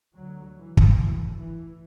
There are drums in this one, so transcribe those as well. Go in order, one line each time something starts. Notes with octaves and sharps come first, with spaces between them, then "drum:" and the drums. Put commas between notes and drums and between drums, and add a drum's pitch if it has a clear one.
D2 F#3
E3
drum: kick
D2 E3
E3